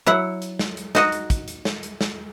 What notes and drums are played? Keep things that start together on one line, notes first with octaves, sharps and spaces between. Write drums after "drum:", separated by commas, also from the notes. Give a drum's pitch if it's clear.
F#3 E4 F#5
drum: hi-hat
drum: snare
drum: hi-hat
D#4 F#4 D#5, drum: snare
drum: hi-hat
drum: kick, hi-hat
drum: hi-hat
drum: snare
drum: hi-hat
drum: snare